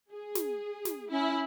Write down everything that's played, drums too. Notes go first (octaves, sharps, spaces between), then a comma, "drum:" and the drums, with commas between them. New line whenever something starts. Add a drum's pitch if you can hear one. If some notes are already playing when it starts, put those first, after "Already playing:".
G#4
drum: snare
drum: snare
C#4 E4